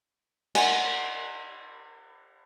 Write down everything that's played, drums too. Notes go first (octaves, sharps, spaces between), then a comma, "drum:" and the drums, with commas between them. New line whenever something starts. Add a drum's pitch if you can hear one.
D5 D#5 F#5 G#5, drum: cymbal